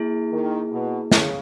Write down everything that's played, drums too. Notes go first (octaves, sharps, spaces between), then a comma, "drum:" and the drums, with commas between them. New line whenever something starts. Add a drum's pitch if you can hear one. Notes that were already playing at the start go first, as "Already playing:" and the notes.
Already playing: A#3 E4 G#4
D#3
B2
C#3, drum: snare